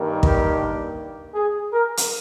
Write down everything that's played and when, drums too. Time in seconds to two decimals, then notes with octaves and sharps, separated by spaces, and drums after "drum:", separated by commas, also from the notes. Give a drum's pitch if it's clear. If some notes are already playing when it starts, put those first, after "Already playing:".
Already playing: G2 D#3 G3 A#3
0.23 G4, drum: kick
1.35 G#4
1.73 A#4
1.97 drum: hi-hat